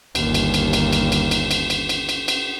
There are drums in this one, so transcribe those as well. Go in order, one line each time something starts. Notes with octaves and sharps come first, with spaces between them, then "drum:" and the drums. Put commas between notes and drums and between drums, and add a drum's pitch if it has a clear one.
G1 D#2, drum: cymbal
drum: cymbal
drum: cymbal
drum: cymbal
drum: cymbal
drum: cymbal
drum: cymbal
drum: cymbal
drum: cymbal
drum: cymbal
drum: cymbal
drum: cymbal